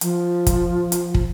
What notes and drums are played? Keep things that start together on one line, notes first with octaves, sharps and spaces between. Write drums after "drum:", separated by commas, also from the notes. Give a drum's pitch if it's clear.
F3, drum: hi-hat
drum: kick, hi-hat
drum: hi-hat
drum: kick